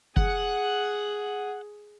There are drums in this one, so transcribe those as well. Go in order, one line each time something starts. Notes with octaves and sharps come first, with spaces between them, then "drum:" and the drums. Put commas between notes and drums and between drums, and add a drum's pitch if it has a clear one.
G#4 F#5, drum: kick